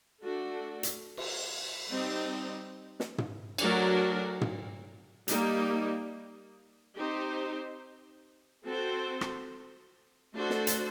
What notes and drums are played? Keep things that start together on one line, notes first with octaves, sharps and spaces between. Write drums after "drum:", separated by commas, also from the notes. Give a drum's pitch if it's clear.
A3 D4 F#4 A4
drum: hi-hat
drum: cymbal
G3 C4 D#4
drum: snare
drum: tom
F#3 A3 D4 F#4 A#4, drum: cymbal
drum: tom
G3 A#3 D#4, drum: hi-hat
C4 D#4 G4 C5
C4 F#4 A4 C5
drum: rim click
A3 D4 F#4 A4 C5
drum: snare
drum: hi-hat